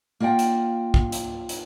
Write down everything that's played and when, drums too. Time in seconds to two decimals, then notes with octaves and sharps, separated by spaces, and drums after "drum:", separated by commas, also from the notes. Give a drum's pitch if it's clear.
0.20 A#3 F4 D5 F#5 G5
0.39 drum: hi-hat
0.94 drum: kick
1.12 drum: hi-hat
1.49 drum: hi-hat